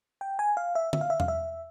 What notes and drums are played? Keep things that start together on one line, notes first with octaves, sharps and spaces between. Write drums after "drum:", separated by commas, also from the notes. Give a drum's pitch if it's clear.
G5
G#5
F5
E5
E5, drum: tom
F5
E5
F5, drum: tom E2
E5